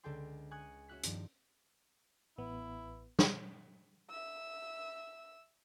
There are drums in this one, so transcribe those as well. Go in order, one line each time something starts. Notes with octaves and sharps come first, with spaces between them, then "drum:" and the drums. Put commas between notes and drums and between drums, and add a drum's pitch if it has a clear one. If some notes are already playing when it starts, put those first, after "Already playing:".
C#2 D3 A4 G5 C6
G#5 C#6 D#6 F#6 G#6
C#4 F#4 E5 F#6 B6
G2 D#3 F3 C4 E4, drum: hi-hat
A1 B3 E4
drum: snare
E5 E6